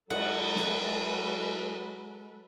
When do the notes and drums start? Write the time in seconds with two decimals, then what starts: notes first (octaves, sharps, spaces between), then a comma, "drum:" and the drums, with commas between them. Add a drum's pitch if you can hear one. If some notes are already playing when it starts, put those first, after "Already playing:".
0.10 F#3 G#3 A4 B4 F#5, drum: cymbal
0.56 drum: snare